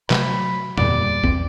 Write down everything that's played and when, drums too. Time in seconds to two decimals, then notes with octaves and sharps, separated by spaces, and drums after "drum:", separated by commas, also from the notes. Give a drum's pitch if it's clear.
0.10 C3 F#3 A3 B5, drum: clap
0.78 E2 A#2 G3 D5, drum: tom
1.24 E2 C4, drum: kick